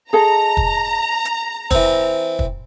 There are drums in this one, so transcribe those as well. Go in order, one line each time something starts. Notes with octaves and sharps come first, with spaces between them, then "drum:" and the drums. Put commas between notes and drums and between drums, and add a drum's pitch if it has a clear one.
G#4 A4 D#5 A#5
drum: kick
drum: hi-hat
E3 C4, drum: kick, hi-hat
drum: kick